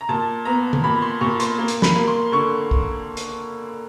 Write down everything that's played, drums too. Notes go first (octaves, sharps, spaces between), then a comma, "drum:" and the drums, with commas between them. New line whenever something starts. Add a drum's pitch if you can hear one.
A#5
A#2 A5
B3 A#5
drum: tom D3
A#2 B5
C6
A#2 C#6
C6, drum: hi-hat
A#3
drum: hi-hat
B5, drum: snare
A#3
C6
D3 C#6
drum: kick
drum: hi-hat